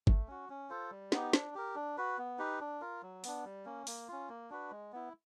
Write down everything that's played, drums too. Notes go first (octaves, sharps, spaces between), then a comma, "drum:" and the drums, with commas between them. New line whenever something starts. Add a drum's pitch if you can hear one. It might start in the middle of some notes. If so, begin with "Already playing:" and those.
A3, drum: kick
C#4 F#4
C#4
F4 A4 C5
G3
B3 D#4 G4, drum: snare
D4, drum: snare
G4 A#4
D4
F#4 B4
B3
D#4 G4 B4
D4
F4 A#4
F#3
B3 D4, drum: open hi-hat
G3
A#3 C#4
A#3, drum: open hi-hat
C#4 F4
A#3
D4 F#4 B4
G#3
B3 E4